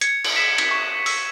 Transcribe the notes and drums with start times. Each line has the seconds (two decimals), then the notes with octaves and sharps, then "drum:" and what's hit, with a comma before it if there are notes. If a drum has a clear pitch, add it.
0.01 G#6 C#7, drum: hi-hat
0.24 drum: cymbal
0.36 B6 E7
0.58 drum: cymbal
0.71 C#6
1.06 E6, drum: open hi-hat